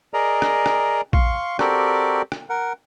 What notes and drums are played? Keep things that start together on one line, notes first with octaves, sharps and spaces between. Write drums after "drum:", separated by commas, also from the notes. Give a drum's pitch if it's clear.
G#4 A#4 D5 D#5 A#5
drum: rim click
drum: rim click
F5 C6 C#6, drum: kick A#1
C4 F#4 G4 A4 A#4 D5, drum: rim click
drum: rim click
A#4 F#5